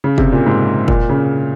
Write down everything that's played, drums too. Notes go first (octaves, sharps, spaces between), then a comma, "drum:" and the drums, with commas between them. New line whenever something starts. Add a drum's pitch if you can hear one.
C#3
C3, drum: kick
A#2
G#2
A#2, drum: kick
C#3